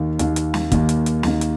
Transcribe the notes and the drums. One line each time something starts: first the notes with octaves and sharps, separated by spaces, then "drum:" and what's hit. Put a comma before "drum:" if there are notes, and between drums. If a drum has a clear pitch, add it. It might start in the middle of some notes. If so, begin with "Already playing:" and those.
Already playing: D#2 D#3 A#3
D#2 D#3 A#3, drum: hi-hat
drum: hi-hat
drum: snare
D#2 D#3 A#3, drum: kick, hi-hat
drum: hi-hat
drum: hi-hat
D#2 D#3 A#3, drum: snare
drum: hi-hat